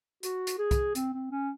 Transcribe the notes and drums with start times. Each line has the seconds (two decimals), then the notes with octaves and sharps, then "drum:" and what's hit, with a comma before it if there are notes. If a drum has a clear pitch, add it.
0.23 F#4, drum: hi-hat
0.47 drum: hi-hat
0.59 G#4
0.71 drum: kick, hi-hat
0.95 C4, drum: hi-hat
1.13 C4
1.31 C#4